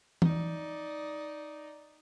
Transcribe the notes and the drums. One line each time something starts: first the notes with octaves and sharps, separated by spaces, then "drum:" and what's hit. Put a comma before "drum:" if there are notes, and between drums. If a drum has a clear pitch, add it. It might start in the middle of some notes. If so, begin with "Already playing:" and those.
D#4 D5, drum: tom